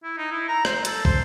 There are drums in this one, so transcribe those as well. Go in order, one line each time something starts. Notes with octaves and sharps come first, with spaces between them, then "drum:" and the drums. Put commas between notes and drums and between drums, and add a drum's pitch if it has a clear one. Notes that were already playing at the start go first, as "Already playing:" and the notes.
E4
D#4
E4
A#5
C5, drum: rim click
A4, drum: hi-hat
C5, drum: kick